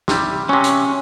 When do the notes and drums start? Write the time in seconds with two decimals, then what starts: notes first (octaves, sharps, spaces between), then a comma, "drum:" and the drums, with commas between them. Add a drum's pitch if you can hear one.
0.08 C3 G3, drum: snare
0.49 C3 F#3 C#4
0.64 drum: hi-hat